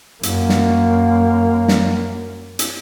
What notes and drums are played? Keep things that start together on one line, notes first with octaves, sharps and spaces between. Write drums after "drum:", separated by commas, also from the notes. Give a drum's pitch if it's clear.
F#2 A#3, drum: hi-hat
drum: snare
drum: snare
drum: hi-hat